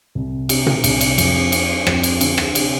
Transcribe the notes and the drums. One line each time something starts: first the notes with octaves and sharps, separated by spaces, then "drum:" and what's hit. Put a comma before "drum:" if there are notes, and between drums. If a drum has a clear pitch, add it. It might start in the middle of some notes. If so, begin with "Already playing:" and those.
C2
C3, drum: cymbal
drum: tom A#2
C2, drum: cymbal
drum: cymbal
F2, drum: cymbal
C4, drum: cymbal
F2, drum: rim click
drum: cymbal
D3, drum: cymbal
drum: rim click
C3, drum: cymbal